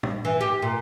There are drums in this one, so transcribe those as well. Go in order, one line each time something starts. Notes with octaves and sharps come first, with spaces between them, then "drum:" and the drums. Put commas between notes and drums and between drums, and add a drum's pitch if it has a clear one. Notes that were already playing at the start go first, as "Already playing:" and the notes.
drum: tom
E3
G4
A#2